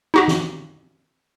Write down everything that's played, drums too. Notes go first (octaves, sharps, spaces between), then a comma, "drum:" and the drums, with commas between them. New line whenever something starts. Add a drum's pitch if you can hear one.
D#4 F#4 G4
drum: snare